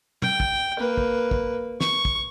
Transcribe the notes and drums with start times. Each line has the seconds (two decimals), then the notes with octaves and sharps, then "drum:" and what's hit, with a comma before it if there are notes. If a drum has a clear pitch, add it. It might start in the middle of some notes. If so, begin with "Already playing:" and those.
0.22 G5, drum: tom
0.40 drum: kick
0.78 A#3 B4
0.97 drum: kick
1.31 drum: kick
1.81 C#6, drum: snare
2.05 drum: kick